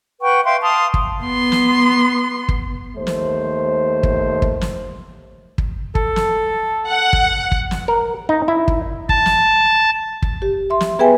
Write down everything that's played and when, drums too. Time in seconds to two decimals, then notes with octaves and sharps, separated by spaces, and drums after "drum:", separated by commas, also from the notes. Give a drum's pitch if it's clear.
0.21 B4 F#5 G5 C#6
0.44 E5 F5 G5 C6
0.62 F5 A5 C6 D#6
0.94 drum: kick
1.24 B3 C6
1.52 drum: snare
2.49 drum: kick
2.96 D#2 A3 C5
3.07 drum: snare
4.03 drum: kick
4.42 drum: kick
4.61 drum: snare
5.58 drum: kick
5.95 A4, drum: kick
6.16 drum: snare
6.89 F#5
7.13 drum: kick
7.52 drum: kick
7.71 drum: snare
7.88 A#4
8.29 D#4
8.48 E4
8.68 drum: kick
9.09 A5, drum: kick
9.26 drum: snare
10.22 drum: kick
10.42 G4
10.70 E5 C6
10.81 drum: snare
10.99 B3 G#4 B4 E5 G5 G#5